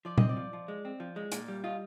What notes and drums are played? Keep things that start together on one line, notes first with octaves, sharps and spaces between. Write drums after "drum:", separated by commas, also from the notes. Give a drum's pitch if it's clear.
F3 D5
C4 D#5, drum: tom A#2
D5
F3
F3
G#3
C4
F3
G#3
A#2 F5, drum: hi-hat
G3
F4 D#5